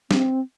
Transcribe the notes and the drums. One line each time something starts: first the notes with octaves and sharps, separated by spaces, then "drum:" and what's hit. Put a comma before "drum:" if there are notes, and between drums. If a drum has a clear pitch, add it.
C4, drum: snare